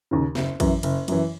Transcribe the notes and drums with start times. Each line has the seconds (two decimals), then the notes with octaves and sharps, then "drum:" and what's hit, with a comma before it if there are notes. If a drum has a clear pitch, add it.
0.11 D#2 C#3
0.35 F#1, drum: snare
0.60 F#2 E3, drum: kick, cymbal
0.83 F#1, drum: cymbal
1.08 F#2 E3, drum: cymbal